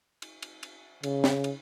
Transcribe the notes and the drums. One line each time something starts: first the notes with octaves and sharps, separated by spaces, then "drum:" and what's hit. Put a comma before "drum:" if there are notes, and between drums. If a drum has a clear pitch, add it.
drum: cymbal
drum: cymbal
drum: cymbal
C#3, drum: cymbal
drum: snare
drum: cymbal